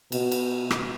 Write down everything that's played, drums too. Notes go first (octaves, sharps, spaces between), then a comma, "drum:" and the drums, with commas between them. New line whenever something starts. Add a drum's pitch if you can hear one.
B2, drum: cymbal
drum: cymbal
drum: rim click